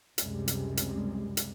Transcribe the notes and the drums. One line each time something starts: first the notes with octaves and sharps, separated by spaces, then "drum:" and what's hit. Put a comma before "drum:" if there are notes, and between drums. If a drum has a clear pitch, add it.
C#2 F#2 C3 G3 G#3, drum: hi-hat
drum: hi-hat
drum: hi-hat
drum: hi-hat